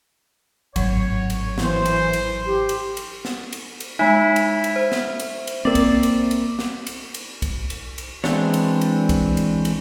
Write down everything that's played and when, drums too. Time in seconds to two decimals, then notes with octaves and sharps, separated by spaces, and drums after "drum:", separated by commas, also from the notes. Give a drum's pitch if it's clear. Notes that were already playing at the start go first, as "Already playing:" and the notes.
0.76 G#1 A2 F#3 C#5, drum: kick, cymbal
1.30 drum: cymbal
1.58 E3 C5, drum: snare
1.86 drum: cymbal
2.13 drum: cymbal
2.46 G4
2.69 drum: cymbal
2.97 drum: cymbal
3.25 drum: snare
3.53 drum: cymbal
3.80 drum: cymbal
3.99 G#3 D#4 E4 E5
4.36 drum: cymbal
4.64 drum: cymbal
4.76 C5
4.92 drum: snare
5.20 drum: cymbal
5.47 drum: cymbal
5.65 A#3 C4 A#4 D5
5.75 drum: kick, cymbal
6.03 drum: cymbal
6.31 drum: cymbal
6.59 drum: snare
6.87 drum: cymbal
7.14 drum: cymbal
7.42 drum: kick, cymbal
7.70 drum: cymbal
7.98 drum: cymbal
8.24 E3 G#3 C4 D4 C#5, drum: snare
8.54 drum: cymbal
8.81 drum: cymbal
9.09 drum: kick, cymbal
9.37 drum: cymbal
9.65 drum: cymbal